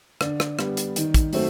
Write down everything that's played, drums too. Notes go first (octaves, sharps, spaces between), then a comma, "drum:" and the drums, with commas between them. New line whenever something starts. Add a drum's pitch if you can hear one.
D3 D5, drum: rim click
drum: rim click
G3 B3, drum: rim click
drum: hi-hat
D#3, drum: hi-hat
drum: kick, hi-hat
F#3 A3 C4, drum: open hi-hat